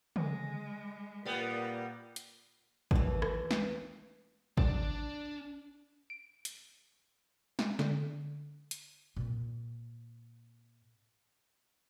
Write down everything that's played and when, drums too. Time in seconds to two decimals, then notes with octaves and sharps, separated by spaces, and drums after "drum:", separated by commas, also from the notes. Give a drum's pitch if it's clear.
0.16 G#3, drum: tom
1.25 A#2 G3 A#3 B3
2.16 drum: hi-hat
2.91 D#2 E3, drum: kick
3.22 drum: rim click
3.51 drum: snare
4.57 D4 D5, drum: kick
6.10 D7
6.45 drum: hi-hat
7.59 drum: snare
7.79 D3, drum: snare
8.71 drum: hi-hat
9.16 A#2 C4